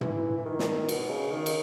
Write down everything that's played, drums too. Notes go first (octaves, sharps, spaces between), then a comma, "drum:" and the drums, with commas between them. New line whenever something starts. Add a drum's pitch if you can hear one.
E3, drum: tom
E3
D#3
drum: snare
B2, drum: cymbal
C#3
D#3
drum: cymbal